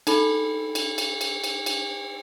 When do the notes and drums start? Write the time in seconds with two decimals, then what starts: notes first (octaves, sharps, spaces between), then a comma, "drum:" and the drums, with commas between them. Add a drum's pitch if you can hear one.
0.07 D#4 A4 B5, drum: cymbal
0.75 drum: cymbal
0.98 drum: cymbal
1.21 drum: cymbal
1.44 drum: cymbal
1.66 drum: cymbal